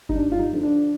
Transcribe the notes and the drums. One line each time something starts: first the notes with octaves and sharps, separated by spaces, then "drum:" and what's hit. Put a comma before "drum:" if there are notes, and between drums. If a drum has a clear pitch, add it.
D#4, drum: kick F#1
G2 D4
F4
D#4
D3 F3
D4